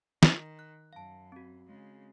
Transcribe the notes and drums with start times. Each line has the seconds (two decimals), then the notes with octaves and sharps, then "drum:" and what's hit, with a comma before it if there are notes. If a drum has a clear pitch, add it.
0.23 D#3, drum: snare
0.59 F#6
0.93 F#2 F5 A5
1.32 C4 F#4
1.67 C#3 G#3